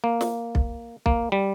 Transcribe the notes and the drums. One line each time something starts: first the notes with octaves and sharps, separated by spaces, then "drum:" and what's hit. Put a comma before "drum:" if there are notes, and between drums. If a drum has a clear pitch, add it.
A#3
drum: snare
drum: kick B1
A#3, drum: kick B1
G3